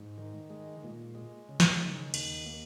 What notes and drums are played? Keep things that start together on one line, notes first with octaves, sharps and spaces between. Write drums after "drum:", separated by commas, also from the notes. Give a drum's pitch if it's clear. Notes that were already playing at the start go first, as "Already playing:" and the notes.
Already playing: G#2
D#3
G#3
A#2
G#3
C#3
drum: snare
D#3
D#2, drum: cymbal
A#3